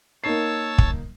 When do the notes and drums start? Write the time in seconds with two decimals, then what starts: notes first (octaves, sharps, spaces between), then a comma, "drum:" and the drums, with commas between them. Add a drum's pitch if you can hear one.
0.24 A#3 D#4 C#5 A5 E6 C7
0.78 drum: kick